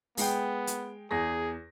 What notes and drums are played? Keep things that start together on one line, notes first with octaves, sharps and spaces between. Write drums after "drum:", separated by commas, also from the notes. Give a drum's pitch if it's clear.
G#3 B3 G5, drum: open hi-hat
drum: hi-hat
E2 G#4 A#6